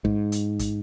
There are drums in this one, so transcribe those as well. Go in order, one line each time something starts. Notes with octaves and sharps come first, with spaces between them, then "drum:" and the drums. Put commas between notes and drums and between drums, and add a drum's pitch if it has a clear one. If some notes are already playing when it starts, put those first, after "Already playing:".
G#2, drum: kick
drum: hi-hat
drum: kick, hi-hat